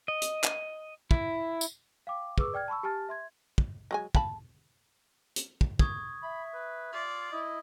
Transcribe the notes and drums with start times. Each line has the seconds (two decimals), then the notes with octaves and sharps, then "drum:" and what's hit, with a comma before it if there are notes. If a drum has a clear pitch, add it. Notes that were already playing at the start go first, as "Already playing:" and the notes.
0.08 D#5
0.22 drum: hi-hat
0.44 drum: clap
1.11 E4, drum: kick
1.61 drum: tambourine
2.07 F5 G5 D6
2.38 G#4 B4 C#6 D6 E6, drum: kick
2.54 D5 G5 F6 G#6
2.68 A5 B5 C#6 E6
2.83 G4 G#5 A5 F6 A6
3.09 E5 C6 G#6
3.58 drum: kick
3.91 F#3 G#3 G#5
4.15 F5 A5 B5, drum: kick
5.36 drum: hi-hat
5.61 drum: kick
5.79 C#6 D#6 G#6, drum: kick
6.23 E5 B5
6.54 B4
6.93 F4 D5
7.32 E4 D#5